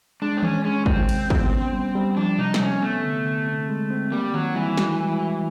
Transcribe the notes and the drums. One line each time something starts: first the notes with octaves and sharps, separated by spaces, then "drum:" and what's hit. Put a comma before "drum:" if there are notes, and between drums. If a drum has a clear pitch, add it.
G#3 D4
C4
G#3 C#4, drum: tom D#3
G#3 C#4
D#3 C4, drum: kick
C3, drum: cymbal
B3, drum: kick
C#4
G3
G3
F3 D4
C3 D#4
C4, drum: snare
C3 C#4
A3 B3
D3
D3
C4
G#3
C4
G3 A#3
D#3 F#3
E3 G3
F#4, drum: snare
G#3
F#4